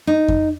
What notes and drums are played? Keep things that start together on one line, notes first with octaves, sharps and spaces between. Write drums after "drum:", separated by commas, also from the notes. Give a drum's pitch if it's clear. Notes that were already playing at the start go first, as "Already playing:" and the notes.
D#4
drum: kick F2